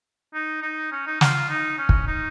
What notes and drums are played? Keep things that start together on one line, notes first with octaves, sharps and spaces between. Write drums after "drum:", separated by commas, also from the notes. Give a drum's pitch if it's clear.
D#4
D#4
C#4
D#4
F4, drum: snare
D#4
C#4
drum: kick
D#4